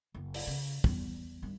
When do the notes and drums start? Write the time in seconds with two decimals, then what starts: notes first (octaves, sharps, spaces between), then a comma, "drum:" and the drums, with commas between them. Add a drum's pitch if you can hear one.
0.15 F#1
0.34 drum: open hi-hat
0.47 C#3
0.84 E2 G3, drum: kick
1.42 G2 D#3